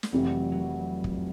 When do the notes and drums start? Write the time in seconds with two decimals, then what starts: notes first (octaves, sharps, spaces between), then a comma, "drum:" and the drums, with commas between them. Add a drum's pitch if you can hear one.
0.03 drum: snare
0.12 F1 F2 C3 E3 F#3 G3
0.52 F#3
1.04 drum: kick